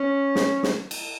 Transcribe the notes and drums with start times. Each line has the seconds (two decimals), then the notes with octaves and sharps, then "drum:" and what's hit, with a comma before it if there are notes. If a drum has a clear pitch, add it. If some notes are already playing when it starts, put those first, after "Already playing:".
Already playing: C#4
0.35 drum: snare
0.63 drum: snare
0.91 drum: cymbal